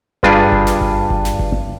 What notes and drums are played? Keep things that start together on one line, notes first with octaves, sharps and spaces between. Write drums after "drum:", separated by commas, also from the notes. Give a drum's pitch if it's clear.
G2 G3 D4 F4 G#4 B4, drum: kick G1
drum: kick G1
drum: snare
drum: kick G1
drum: kick G1
drum: snare
drum: kick G1